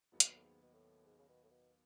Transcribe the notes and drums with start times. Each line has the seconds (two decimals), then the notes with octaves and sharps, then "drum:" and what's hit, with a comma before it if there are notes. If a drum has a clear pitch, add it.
0.12 D#2 G#2 D#3 F#3 B3 F#4
0.20 C#3, drum: hi-hat
0.28 B2
0.35 A2
0.43 G#2
0.62 B2
0.74 A2
1.06 G#2
1.18 C#3
1.28 B2
1.43 A2
1.51 B2